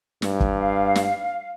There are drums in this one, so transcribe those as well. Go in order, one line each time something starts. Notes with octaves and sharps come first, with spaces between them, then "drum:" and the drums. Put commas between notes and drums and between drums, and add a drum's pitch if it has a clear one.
G2, drum: snare
drum: kick
F5
drum: snare